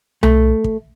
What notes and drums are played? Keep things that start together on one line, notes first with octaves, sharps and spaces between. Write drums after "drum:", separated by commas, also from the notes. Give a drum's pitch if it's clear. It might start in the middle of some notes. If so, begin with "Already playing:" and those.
A3, drum: tom C2
drum: kick